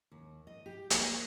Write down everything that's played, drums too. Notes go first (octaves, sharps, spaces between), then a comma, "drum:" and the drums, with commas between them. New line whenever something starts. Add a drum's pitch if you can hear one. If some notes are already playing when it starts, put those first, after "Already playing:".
D#2
D#5
G4
A#3, drum: hi-hat